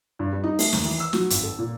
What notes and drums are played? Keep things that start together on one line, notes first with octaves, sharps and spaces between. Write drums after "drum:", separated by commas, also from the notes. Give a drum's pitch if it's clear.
G2
G3
D#4
A3, drum: open hi-hat
D#2, drum: snare
E3
E6
F#3, drum: snare
G#1, drum: hi-hat
A4
A#2